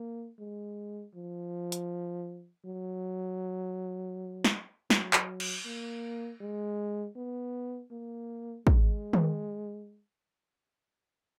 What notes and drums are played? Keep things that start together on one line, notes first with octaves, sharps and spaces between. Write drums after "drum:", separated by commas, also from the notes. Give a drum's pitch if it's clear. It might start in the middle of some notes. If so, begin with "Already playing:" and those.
Already playing: A#3
G#3
F3
drum: hi-hat
F#3
drum: snare
F#3, drum: snare
drum: clap
drum: cymbal
A#3
G#3
B3
A#3
G#3, drum: kick
drum: tom D#3